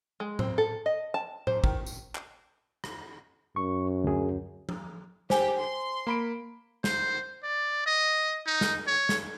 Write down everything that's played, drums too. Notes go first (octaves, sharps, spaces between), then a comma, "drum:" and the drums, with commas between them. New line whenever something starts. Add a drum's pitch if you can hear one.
G#3
C4, drum: tom A2
A4
D#5
A5
C5, drum: tom A2
D#3, drum: kick
drum: tambourine
drum: clap
drum: rim click
F#2 C#6
D2 G#4
drum: tom F3
G4 C5 G5 G#5, drum: snare
C6
A#3 B5 D7
C5, drum: snare
D5
D#5
D#4
drum: snare
C#5
drum: snare